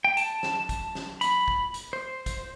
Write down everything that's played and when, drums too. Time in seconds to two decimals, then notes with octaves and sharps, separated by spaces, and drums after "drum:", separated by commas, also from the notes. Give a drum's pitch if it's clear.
0.05 G5
0.17 A5, drum: hi-hat
0.43 drum: snare
0.69 drum: kick, hi-hat
0.95 drum: snare
1.21 B5, drum: hi-hat
1.48 drum: kick
1.74 drum: hi-hat
1.93 C5
2.26 drum: kick, hi-hat